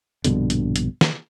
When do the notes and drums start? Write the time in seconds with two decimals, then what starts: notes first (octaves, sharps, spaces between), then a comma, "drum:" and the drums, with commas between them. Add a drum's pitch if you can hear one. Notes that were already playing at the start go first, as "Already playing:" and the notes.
0.24 A#1 G2 B2 D3, drum: hi-hat
0.50 drum: hi-hat
0.76 drum: hi-hat
1.01 drum: snare